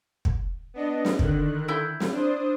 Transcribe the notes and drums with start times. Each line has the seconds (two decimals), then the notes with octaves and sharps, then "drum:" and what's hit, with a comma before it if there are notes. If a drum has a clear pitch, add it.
0.25 drum: kick
0.74 B3 D4 D#5
1.05 drum: snare
1.19 D3 D#3 F#6, drum: kick
1.68 E4 G6
2.00 drum: snare
2.12 D4 C5 D#6